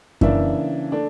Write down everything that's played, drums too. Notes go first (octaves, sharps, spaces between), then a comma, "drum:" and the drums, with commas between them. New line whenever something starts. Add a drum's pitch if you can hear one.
C#3 E3 A#3 D4 E5, drum: kick F#2
A3 D4